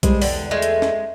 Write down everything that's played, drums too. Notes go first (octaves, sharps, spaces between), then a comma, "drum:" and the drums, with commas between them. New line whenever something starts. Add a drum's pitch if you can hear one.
G3 G#3 C5, drum: kick B1, hi-hat
E2 D3 D5 G5, drum: open hi-hat
G#3 A3
drum: hi-hat
drum: snare